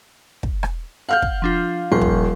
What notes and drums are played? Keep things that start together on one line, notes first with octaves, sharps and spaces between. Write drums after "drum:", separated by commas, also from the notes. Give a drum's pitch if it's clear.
drum: kick
drum: rim click
F5 F#5 F6 G6
drum: kick
F3 D4 F4
D#1 F3 F4 C#6
drum: kick